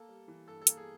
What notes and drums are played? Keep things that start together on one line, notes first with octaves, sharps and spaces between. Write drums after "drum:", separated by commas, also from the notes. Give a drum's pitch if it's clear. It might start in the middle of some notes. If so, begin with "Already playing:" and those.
Already playing: A#3 A4
G3
E3
G2 A4
A4
A#3, drum: hi-hat
G#4